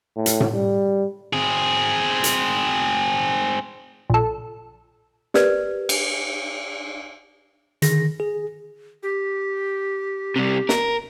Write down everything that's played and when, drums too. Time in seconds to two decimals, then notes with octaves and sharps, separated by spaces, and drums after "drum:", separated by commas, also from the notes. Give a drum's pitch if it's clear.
0.16 A2
0.26 drum: hi-hat
0.40 drum: tom A2
0.52 G3
1.33 C4 G#4
2.24 drum: hi-hat
4.10 A#1 A4
5.34 G4 A#4 B4 D5, drum: snare
5.89 drum: cymbal
7.82 D3 D#3 G#4 A#6, drum: hi-hat
8.20 G#4
9.03 G4
10.36 C3 G3
10.69 A#4, drum: snare